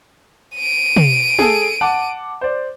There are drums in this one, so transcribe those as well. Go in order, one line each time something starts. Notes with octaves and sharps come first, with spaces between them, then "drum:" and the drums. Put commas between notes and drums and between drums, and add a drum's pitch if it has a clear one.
D7 D#7
drum: tom
G#4 A4, drum: tom
F#5 A5 D6
C5 D5